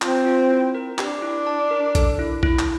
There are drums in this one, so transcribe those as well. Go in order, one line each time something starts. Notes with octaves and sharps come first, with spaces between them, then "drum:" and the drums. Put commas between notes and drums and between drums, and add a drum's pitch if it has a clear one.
C4 F4, drum: clap
F4
E4
A#4
D4 G4, drum: clap
E4
A5
A#4
A4, drum: kick, hi-hat
E4
E4, drum: kick
drum: clap